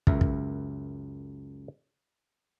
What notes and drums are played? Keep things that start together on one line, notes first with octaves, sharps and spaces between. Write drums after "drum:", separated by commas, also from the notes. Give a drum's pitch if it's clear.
C#2 F#2 A#4 E5, drum: kick
drum: kick